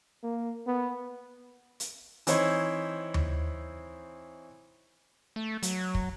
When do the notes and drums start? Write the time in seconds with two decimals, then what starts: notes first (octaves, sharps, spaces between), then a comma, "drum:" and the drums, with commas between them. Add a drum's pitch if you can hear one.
0.23 A#3
0.67 B3
1.80 drum: hi-hat
2.27 E3 C4 D#4 E4 C5 C#5, drum: hi-hat
3.14 drum: tom D#2
5.36 A3
5.63 F#3, drum: hi-hat
5.94 drum: kick